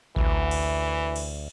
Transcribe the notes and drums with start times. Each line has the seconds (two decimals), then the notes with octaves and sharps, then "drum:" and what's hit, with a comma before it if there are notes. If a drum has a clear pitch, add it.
0.16 D2 E3, drum: kick A1
0.51 drum: cymbal
1.16 drum: cymbal